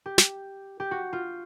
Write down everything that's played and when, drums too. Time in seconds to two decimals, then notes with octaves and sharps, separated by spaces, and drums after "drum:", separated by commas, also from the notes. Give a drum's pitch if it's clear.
0.06 G4
0.18 drum: snare
0.80 G4
0.91 F#4
1.13 F4